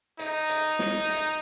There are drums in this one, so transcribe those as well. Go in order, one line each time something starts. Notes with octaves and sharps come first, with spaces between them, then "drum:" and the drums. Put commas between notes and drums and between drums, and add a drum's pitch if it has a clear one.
D#4, drum: hi-hat
drum: hi-hat
drum: snare
drum: hi-hat